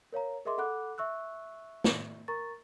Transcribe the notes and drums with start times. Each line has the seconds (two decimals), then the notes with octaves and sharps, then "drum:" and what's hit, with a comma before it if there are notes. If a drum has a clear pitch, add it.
0.13 A#4 C#5 F5 A#5
0.45 G#4 A#4 D#5 E5 C6 D6
0.58 A4 F#5 B5 D6 F#6
0.98 E5 C#6 E6 F#6
1.84 drum: snare
2.28 A#4 A#5 C#6 A6